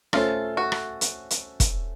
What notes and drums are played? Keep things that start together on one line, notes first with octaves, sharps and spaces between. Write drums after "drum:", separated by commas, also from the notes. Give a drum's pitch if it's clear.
A3 C#4 F4 A4 C5, drum: rim click
F#4
drum: rim click
drum: hi-hat
drum: hi-hat
drum: kick, hi-hat